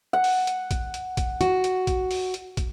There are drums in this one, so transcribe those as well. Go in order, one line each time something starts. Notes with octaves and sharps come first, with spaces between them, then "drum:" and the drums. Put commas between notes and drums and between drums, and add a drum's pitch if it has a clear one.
F#5
drum: open hi-hat
drum: hi-hat
drum: kick, hi-hat
drum: hi-hat
drum: kick, hi-hat
F#4, drum: hi-hat
drum: hi-hat
drum: kick, hi-hat
drum: open hi-hat
drum: hi-hat
drum: kick, hi-hat